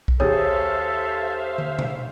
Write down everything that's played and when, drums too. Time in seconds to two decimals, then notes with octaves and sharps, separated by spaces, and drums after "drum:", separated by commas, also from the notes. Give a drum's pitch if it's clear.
0.08 drum: kick B1
0.20 D#2 G#4 A4 C5 C#5 E5 F5 D#6
1.58 drum: tom
1.79 drum: tom B2